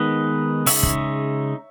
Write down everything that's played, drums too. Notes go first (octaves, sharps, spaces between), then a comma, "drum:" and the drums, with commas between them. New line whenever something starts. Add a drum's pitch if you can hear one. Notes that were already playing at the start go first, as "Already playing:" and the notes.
Already playing: D#3 G#3 B3 D#4 B4 D#5
C#3 G#3 D#4 C#5 E5, drum: open hi-hat
drum: kick